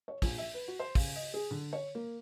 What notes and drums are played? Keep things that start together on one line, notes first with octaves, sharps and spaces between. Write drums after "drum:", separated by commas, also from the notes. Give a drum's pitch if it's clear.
C#5
A#1, drum: kick, open hi-hat
E5
B4
F#4
C5
C#3, drum: kick, open hi-hat
D#5
G#4
D3
C#5
A#3